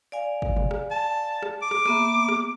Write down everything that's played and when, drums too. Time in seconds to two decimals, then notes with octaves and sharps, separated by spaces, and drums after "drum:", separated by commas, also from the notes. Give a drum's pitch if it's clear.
0.12 D5 F5 G#5
0.42 drum: kick
0.56 drum: tom A#2
0.71 drum: rim click
0.91 A5
1.42 drum: rim click
1.62 D6
1.71 drum: rim click
1.85 A#3 B3 E5, drum: rim click
2.28 drum: rim click